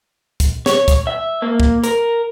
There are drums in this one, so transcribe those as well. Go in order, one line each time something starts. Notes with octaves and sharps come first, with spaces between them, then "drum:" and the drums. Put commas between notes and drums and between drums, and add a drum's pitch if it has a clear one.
drum: kick, hi-hat
C#5, drum: snare
drum: kick, hi-hat
E5
A#3
drum: kick
A#4, drum: hi-hat